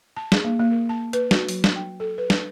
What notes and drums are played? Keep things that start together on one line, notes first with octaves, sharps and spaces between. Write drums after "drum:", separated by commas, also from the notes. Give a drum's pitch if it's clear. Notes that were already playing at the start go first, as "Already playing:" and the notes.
A5
G#4, drum: snare
A#3
A#3
A#4
A5
B4, drum: hi-hat
F#4, drum: snare
F#3, drum: open hi-hat
drum: snare
G5
A4
B4
drum: snare